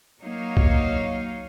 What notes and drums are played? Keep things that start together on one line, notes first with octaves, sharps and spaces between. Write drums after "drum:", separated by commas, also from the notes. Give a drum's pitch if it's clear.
F#3 A#3 D#4 C#5 F5
drum: kick C2